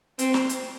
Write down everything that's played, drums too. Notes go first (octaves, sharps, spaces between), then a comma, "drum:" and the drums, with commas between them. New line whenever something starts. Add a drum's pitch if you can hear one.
C4, drum: hi-hat
drum: snare
drum: hi-hat